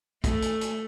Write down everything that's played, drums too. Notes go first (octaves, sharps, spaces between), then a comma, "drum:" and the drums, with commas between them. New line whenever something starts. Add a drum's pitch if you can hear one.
A3, drum: kick, hi-hat
drum: hi-hat
drum: hi-hat